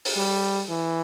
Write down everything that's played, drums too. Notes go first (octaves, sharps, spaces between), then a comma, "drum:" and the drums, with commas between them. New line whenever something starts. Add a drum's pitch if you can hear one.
drum: open hi-hat
G3
E3